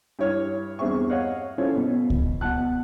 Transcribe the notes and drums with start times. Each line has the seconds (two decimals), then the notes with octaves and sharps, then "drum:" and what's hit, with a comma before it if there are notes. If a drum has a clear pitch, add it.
0.19 G2 E4 C#5 F6
0.79 E2 G2 C4 G#4 E5 C#6
1.10 C#5 D#5 F5 F#5
1.58 C#4 E4 F4 A4 C5 C#5
1.76 B2
2.10 drum: kick C#2
2.41 B2 F#5 A5 F#6